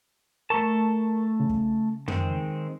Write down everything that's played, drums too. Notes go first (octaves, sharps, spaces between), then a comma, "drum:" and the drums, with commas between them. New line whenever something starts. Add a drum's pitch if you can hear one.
A3 A4 A#4 A5 C#6
C#3
drum: kick
D#3 G#3 C4, drum: tom